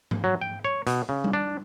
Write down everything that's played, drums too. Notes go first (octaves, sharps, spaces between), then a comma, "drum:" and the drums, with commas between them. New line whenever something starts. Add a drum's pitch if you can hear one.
drum: tom
F#3
G5
C#5
B2, drum: hi-hat
C#3
drum: tom G3
D4